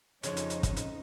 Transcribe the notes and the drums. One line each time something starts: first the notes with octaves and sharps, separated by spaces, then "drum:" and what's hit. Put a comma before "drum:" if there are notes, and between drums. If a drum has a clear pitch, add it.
F2 C#3 F3 G#3 C#4 D#4 C#5, drum: hi-hat
drum: hi-hat
drum: hi-hat
drum: kick, hi-hat
drum: hi-hat